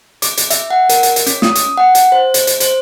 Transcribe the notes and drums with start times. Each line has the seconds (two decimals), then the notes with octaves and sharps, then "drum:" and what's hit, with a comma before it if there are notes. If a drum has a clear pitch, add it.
0.22 D6, drum: hi-hat
0.37 drum: hi-hat
0.50 E5, drum: hi-hat
0.71 F#5
0.89 A#4, drum: hi-hat
1.03 drum: hi-hat
1.16 drum: hi-hat
1.26 C#4, drum: hi-hat
1.42 D#6, drum: snare
1.55 drum: hi-hat
1.77 F#5
1.95 drum: hi-hat
2.12 C5
2.34 drum: hi-hat
2.47 drum: hi-hat
2.60 C5, drum: hi-hat